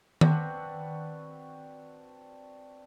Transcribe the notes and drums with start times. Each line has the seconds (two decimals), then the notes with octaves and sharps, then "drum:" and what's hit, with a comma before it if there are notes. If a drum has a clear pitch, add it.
0.21 C4 D4 F#4 B4, drum: tom D#3